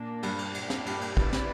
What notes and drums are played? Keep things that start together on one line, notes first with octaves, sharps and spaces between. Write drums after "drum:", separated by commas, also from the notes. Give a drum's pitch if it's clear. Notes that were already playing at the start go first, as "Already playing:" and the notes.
Already playing: A#2 A#3 D4
G2 G3, drum: cymbal
drum: cymbal
A#2 A#3 D4 G4, drum: cymbal
drum: snare
G2 G3, drum: cymbal
drum: cymbal
G2 G3 B3 E4 B4 D5, drum: kick
drum: snare